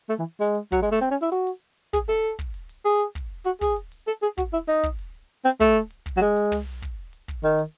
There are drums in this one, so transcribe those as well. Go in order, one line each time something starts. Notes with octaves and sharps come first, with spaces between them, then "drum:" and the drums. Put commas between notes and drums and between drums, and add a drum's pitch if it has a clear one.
A3
E3
G#3
drum: hi-hat
F#3, drum: kick, hi-hat
G#3
A3
C4, drum: hi-hat
C#4
E4
F#4, drum: hi-hat
drum: open hi-hat
G#4, drum: kick, hi-hat
A4
drum: hi-hat
drum: kick, hi-hat
drum: hi-hat
drum: open hi-hat
G#4
drum: hi-hat
drum: kick, hi-hat
F#4, drum: hi-hat
G#4, drum: kick, hi-hat
drum: hi-hat
drum: open hi-hat
A4
G#4, drum: hi-hat
F#4, drum: kick, hi-hat
E4
D#4, drum: hi-hat
drum: kick, hi-hat
drum: hi-hat
C4, drum: hi-hat
A3, drum: kick
drum: hi-hat
drum: kick, hi-hat
F#3
G#3, drum: hi-hat
drum: open hi-hat
drum: tom
drum: hi-hat
drum: kick, hi-hat
drum: hi-hat
drum: kick
D#3, drum: hi-hat
drum: open hi-hat